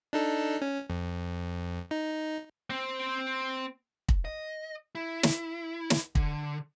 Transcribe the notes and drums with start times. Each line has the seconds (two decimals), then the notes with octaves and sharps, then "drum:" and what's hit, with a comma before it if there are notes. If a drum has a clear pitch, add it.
0.13 D4 D#4 A4
0.62 C#4
0.90 F2
1.91 D#4
2.70 C4 C5
4.09 drum: kick
4.25 D#5
4.95 E4
5.23 drum: snare
5.90 drum: snare
6.15 D3, drum: kick